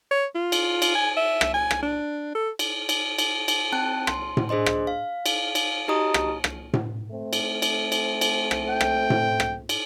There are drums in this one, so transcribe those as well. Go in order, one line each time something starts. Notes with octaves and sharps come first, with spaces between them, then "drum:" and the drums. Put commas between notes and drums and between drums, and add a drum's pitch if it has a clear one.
C#5
F4
drum: cymbal
drum: cymbal
G#5
E5
drum: rim click
G#5
drum: rim click
D4
A4
drum: cymbal
drum: cymbal
drum: cymbal
drum: cymbal
C4 G5 A5 F#6
C6, drum: rim click
drum: tom A2
D4 G#4 C5 D#5 C6
drum: rim click
F5
drum: cymbal
drum: cymbal
D#4 F#4 G4 D#5 A#5 D#6
drum: rim click
drum: rim click
drum: tom A2
A3 C4
drum: cymbal
drum: cymbal
drum: cymbal
drum: cymbal
drum: rim click
G5
drum: rim click
drum: tom A2
drum: rim click
drum: cymbal